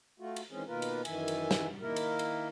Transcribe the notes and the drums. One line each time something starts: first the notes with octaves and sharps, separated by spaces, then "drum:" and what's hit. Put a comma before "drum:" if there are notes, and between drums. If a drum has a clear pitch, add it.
A3 F4 F#4
drum: cymbal
D#3 E3 G#3 C4 C#4 G#4
B2 D#3 A#3 F4 A#4 B4
drum: cymbal
F#2 D#3 E3 E5 G#5, drum: cymbal
drum: cymbal
drum: snare
D#3 A#3 E4 A#4
drum: cymbal
drum: cymbal